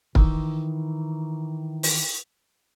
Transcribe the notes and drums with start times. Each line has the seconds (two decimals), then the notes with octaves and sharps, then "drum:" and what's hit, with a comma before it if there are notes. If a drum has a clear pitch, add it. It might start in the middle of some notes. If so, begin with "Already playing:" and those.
0.15 D#3 E3, drum: kick
1.83 drum: open hi-hat